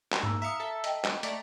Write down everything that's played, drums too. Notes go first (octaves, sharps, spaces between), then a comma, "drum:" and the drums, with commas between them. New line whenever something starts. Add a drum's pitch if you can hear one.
drum: clap
G#2 A#3 A#5 E6
E5 F5 A#5 D#6 C#7
A4 E5
D#5 G5, drum: hi-hat
drum: clap
A3 D5 A#5, drum: hi-hat